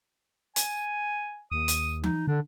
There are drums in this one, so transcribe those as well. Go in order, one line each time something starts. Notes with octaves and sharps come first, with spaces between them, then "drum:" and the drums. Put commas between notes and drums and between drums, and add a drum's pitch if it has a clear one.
G#5, drum: hi-hat
D#2 D#6
drum: hi-hat
D#4, drum: tom E3
D3 D4